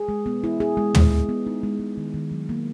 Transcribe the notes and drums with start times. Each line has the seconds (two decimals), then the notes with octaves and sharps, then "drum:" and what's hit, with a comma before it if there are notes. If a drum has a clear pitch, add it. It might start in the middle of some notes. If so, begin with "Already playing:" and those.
Already playing: G#4
0.09 G#3
0.26 B3
0.44 E4
0.60 G#4
0.77 G#3
0.95 G#3, drum: tom
1.12 G#3
1.29 B3
1.47 D#4
1.63 G#3
1.80 G#3
1.97 D#3
2.14 D#3
2.32 F#3
2.49 A#3